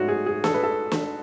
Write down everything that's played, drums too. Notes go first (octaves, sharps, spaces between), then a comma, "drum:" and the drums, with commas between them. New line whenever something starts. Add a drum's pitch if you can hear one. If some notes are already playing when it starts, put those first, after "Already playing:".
Already playing: G#2 F#3 A3 F#4 C#5
G#4
G#4
A4, drum: snare
B4
A4
drum: snare